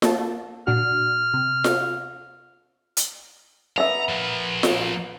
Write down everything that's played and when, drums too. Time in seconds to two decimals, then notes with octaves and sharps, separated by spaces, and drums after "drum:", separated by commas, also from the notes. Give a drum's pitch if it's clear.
0.02 A#3 A5, drum: snare F4
0.67 A#2 D4 F#4 F6
1.34 C3
1.64 drum: snare F4
2.97 drum: hi-hat
3.78 B3 E5 A#5
4.10 F3 A#3
4.63 drum: snare F4